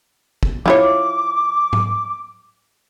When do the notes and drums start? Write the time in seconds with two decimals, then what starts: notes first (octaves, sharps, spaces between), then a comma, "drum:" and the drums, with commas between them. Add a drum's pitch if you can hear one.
0.43 drum: kick
0.66 F3 E4 C#5 D6, drum: tom F3
1.73 drum: tom G#2